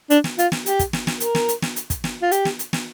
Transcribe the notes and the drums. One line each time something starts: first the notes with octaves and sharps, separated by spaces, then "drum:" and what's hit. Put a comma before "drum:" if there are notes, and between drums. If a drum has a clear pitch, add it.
D4, drum: hi-hat
drum: snare
F4, drum: hi-hat
drum: snare
G4, drum: hi-hat
drum: kick, hi-hat
drum: snare
drum: snare
A#4, drum: hi-hat
drum: snare
drum: hi-hat
drum: snare
drum: hi-hat
drum: kick, hi-hat
drum: snare
F4
G4, drum: hi-hat
drum: snare
drum: hi-hat
drum: snare